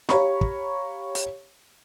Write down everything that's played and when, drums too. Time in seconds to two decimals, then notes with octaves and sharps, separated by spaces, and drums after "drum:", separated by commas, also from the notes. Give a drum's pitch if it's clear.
0.09 G4 C#5 F5 A#5 B5 C#6, drum: snare
0.41 drum: kick
1.15 drum: hi-hat